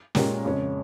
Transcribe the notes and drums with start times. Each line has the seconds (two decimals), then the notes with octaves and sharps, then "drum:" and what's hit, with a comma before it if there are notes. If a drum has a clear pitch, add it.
0.15 A#2 G#3 C#4 G4 A#4, drum: snare
0.45 F2 C#3 G#3 C#4